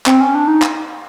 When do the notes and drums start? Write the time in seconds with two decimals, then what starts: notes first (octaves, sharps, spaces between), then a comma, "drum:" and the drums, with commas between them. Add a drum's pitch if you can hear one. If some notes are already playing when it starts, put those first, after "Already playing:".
0.06 C4, drum: clap
0.21 C#4
0.35 D4
0.48 D#4
0.62 drum: clap